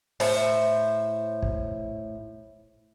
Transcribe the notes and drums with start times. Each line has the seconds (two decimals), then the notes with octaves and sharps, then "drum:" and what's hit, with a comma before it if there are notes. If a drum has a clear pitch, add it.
0.20 A2 C5, drum: open hi-hat
1.42 drum: kick